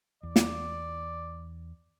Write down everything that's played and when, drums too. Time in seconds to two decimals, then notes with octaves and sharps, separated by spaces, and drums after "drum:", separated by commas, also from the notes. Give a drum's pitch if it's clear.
0.23 E2 D5
0.36 drum: snare